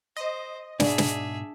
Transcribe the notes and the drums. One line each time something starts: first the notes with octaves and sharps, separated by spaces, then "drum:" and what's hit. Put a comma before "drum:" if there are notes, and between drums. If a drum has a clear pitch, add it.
C5 D#5
G#2 B2 D4 G#4 D5 E5, drum: snare
drum: snare